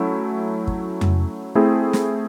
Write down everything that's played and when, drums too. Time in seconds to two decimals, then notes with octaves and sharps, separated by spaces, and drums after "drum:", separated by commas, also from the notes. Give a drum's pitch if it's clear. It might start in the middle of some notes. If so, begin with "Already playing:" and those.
Already playing: F#3 A3 C#4 E4
0.67 drum: kick
1.01 drum: tom F2
1.55 A3 C4 E4 G#4
1.93 drum: snare